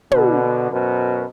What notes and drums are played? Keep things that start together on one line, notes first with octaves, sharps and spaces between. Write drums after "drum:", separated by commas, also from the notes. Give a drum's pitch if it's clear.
B2 D3, drum: tom
F#2 B2 A#4 C5